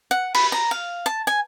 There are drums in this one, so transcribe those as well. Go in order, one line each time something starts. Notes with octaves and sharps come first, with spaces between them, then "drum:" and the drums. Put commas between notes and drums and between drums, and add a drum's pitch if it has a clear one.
F#5
B5, drum: open hi-hat
A#5
F5
A5
G#5